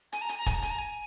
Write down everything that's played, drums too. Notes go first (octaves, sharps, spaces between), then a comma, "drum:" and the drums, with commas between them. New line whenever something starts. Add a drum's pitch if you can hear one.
G#5, drum: hi-hat
A#5
G#5, drum: hi-hat
A#5
G#5, drum: kick, hi-hat
A#5
G#5, drum: hi-hat
A#5
G#5